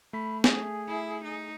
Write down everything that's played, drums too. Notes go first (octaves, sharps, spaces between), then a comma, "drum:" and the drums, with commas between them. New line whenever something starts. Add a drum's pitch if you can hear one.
A3 B5 B6
G#4, drum: snare
E4
D#4